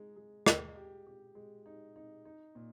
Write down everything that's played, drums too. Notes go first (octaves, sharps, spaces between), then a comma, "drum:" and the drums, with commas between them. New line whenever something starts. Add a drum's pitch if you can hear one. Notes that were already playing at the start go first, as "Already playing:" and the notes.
Already playing: G#3 D#4
G#3
G#3, drum: rim click
G4
G4
G#3
D#4
D#4
D#4
A#2